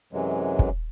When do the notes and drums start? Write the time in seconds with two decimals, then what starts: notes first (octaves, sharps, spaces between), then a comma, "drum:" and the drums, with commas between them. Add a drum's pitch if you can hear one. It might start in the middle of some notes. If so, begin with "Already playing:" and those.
0.13 F#2 C3 E3 F#3 G#3
0.59 drum: kick